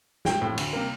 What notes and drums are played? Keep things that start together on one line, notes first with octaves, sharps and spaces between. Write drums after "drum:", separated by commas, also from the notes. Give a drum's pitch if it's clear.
A#1 G5, drum: snare
A2 F3 A3 C4
D2, drum: cymbal
C3 G3 A#3